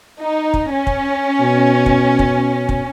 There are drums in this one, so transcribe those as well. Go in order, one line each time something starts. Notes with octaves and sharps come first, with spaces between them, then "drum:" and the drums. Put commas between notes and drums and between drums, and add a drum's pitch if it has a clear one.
D#4
drum: kick
C#4
drum: kick
B2
drum: kick
drum: kick
drum: kick